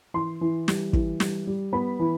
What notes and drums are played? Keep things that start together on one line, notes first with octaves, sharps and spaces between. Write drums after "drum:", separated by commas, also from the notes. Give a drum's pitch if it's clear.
E3 C6
E3
G3, drum: snare
E3, drum: kick
G3, drum: snare
G3
B3 B5
E3